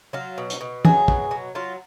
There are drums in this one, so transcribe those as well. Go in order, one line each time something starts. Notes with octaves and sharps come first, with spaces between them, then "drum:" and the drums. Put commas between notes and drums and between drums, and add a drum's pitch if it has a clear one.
F#3 F4
B2
drum: hi-hat
B2
F#3 G#4, drum: tom
B2, drum: kick
F#3
F#3 F4